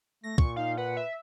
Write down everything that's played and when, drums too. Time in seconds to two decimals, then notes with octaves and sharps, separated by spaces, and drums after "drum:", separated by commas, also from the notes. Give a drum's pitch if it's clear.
0.24 A3 A#6
0.38 A#2 C#6, drum: kick
0.56 D#4 F5
0.77 B4 F#5
0.97 E5